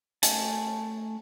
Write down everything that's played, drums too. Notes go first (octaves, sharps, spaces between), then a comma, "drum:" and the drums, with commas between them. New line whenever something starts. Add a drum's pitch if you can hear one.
A3 G#5 A5, drum: hi-hat